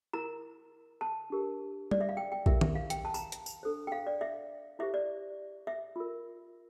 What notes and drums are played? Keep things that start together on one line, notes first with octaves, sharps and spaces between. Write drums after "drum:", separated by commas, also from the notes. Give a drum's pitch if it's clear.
E4 A#4 A#5
A5
D4 G4 A#4
D5, drum: tom G3
E5
F5
G5
G5
E4 G4 A#4 E5, drum: kick A#1
E5, drum: tom D#3
F5
G5, drum: hi-hat
A5
A#5, drum: tambourine
drum: hi-hat
drum: tambourine
D4 A4 C5
G5
F5
D5
E5
E4 G4 C5 E5
D5
E5
F4 A#4